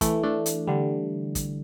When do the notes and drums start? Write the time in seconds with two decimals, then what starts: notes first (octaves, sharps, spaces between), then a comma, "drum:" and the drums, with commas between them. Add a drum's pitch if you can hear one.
0.01 E3 A3, drum: kick, hi-hat
0.23 A3 D4
0.46 drum: hi-hat
0.67 D3 G3
1.35 drum: kick, hi-hat